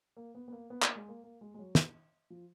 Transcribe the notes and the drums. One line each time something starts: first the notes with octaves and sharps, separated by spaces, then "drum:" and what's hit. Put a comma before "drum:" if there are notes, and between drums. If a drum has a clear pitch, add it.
A#3
B3
B3
A#3
B3
A#3, drum: clap
G#3
A#3
A#3
G#3
G#3
F#3
drum: snare
F3